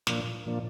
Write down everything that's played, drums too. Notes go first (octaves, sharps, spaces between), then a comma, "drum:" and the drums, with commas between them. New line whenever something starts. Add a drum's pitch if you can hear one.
A#2 F3 A#3 D4, drum: snare
A#2 F3 A#3 D4